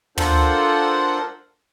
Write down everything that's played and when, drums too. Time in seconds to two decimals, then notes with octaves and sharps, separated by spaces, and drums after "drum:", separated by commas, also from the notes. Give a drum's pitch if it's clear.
0.18 D4 F4 A4 A#4 C5 F#5, drum: tom